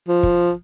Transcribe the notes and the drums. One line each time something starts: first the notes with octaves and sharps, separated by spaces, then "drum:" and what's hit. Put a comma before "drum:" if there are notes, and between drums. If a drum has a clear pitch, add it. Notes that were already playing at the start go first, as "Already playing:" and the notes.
F3
drum: kick